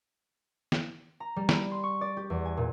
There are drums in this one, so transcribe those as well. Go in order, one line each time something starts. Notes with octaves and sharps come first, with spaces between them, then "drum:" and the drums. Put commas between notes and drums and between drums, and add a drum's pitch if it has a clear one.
drum: snare
A#5
G3
B5, drum: snare
C6
C#6
D5
G4
E2
G#5
A#2